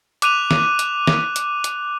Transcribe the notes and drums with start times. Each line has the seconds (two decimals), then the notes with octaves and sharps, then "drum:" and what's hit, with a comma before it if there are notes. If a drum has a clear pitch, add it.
0.22 D6 F#6 D#7 F7, drum: hi-hat
0.51 drum: snare
0.79 drum: hi-hat
1.07 drum: snare
1.36 drum: hi-hat
1.64 drum: hi-hat